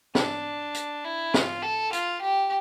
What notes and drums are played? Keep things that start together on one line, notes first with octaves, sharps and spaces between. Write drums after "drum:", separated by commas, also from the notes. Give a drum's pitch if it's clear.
D4, drum: snare
drum: hi-hat
E4
F4, drum: snare
A4
F4, drum: hi-hat
G4